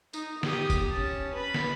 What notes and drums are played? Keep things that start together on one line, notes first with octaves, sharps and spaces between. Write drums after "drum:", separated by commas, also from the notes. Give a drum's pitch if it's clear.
D#4, drum: tambourine
G4 D#6, drum: snare
drum: kick, tambourine
C#4 A5
B4 B5
drum: snare